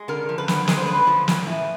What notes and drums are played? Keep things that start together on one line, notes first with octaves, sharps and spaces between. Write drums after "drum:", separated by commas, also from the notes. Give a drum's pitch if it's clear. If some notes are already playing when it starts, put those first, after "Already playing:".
Already playing: G#3
D3 A#4
F3
B4
D3, drum: snare
G#3 B4, drum: snare
C5
D3 B4
F3
A2, drum: snare
E3